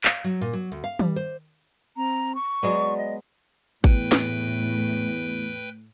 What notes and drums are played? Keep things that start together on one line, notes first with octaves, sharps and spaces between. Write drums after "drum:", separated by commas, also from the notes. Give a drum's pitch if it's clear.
F5, drum: clap
F#3
A#2
F#3
D2
F5
G3, drum: tom D#3
C5
C4 A#5
C#6
F#3 G#3 B3 D5
D#5
E2 A2 B4 G5, drum: kick G#1
drum: snare